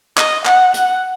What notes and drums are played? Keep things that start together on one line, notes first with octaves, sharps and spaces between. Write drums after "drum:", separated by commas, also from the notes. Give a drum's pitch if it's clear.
D#5, drum: clap
F#5, drum: clap
F#5, drum: hi-hat